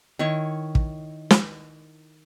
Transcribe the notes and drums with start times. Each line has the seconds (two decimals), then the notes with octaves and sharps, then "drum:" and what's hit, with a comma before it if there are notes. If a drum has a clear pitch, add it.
0.19 D#3 E4 C#5 C#6
0.75 drum: kick
1.31 drum: snare